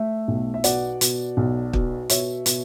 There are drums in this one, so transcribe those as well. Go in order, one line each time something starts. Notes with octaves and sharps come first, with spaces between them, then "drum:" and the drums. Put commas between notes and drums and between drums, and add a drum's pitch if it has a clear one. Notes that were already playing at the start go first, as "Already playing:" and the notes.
Already playing: A3 E5
B1
E5
B2 D5 F#5, drum: hi-hat
B2, drum: hi-hat
B1
B2, drum: kick
B2 C#5 E5, drum: hi-hat
B2, drum: hi-hat